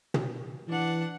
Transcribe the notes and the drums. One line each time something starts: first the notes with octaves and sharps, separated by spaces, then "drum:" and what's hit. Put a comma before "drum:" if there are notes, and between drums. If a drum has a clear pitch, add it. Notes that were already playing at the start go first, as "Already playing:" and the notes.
drum: tom
E3 D4 F#5